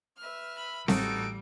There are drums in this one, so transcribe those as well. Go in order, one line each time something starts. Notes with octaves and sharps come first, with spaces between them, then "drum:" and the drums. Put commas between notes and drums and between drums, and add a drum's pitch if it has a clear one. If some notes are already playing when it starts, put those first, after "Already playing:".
B4 E5 F6
B5
A1 G3 D#4 F#4 A4 D7, drum: snare C4